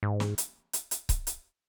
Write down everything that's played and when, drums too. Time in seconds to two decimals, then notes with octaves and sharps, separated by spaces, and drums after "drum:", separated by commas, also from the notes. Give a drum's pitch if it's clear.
0.03 G#2
0.20 drum: snare
0.38 drum: hi-hat
0.73 drum: hi-hat
0.91 drum: hi-hat
1.09 drum: kick C#1, hi-hat
1.27 drum: hi-hat